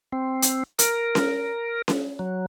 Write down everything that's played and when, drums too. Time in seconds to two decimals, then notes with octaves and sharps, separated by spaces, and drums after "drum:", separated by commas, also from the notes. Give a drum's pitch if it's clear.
0.12 C4
0.42 drum: hi-hat
0.79 A#4, drum: hi-hat
1.15 drum: snare C#4
1.88 drum: snare C#4
2.19 F#3